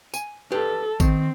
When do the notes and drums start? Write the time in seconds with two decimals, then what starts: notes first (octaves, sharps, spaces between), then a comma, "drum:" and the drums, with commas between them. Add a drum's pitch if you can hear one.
0.14 G#5, drum: tambourine
0.52 G4 A4 B4
1.00 D#3 C4, drum: kick A1, tambourine